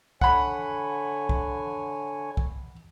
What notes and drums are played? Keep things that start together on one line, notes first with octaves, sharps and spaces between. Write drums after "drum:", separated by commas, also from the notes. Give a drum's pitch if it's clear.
D3 C#5 F#5 G#5 B5, drum: kick
drum: kick
drum: kick